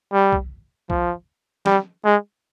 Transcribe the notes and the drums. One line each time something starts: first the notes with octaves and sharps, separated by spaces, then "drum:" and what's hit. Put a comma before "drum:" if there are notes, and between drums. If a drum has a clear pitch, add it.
G3
drum: kick C2
F3, drum: kick C2
G3, drum: snare
G#3